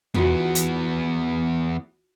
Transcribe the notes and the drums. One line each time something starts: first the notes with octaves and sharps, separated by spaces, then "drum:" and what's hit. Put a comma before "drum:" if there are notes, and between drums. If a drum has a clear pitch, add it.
E2 B3 D#4 F4 F#4, drum: tom E2
drum: hi-hat